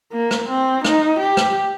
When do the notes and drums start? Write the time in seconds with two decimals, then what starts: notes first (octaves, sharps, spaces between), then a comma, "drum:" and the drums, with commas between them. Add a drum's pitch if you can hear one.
0.13 A#3
0.31 drum: rim click
0.49 C4
0.85 D#4, drum: rim click
1.19 G4
1.37 drum: rim click